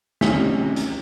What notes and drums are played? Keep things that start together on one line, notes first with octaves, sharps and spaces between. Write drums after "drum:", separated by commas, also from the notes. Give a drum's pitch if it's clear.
C3 C#4 G#5 B6, drum: snare
drum: hi-hat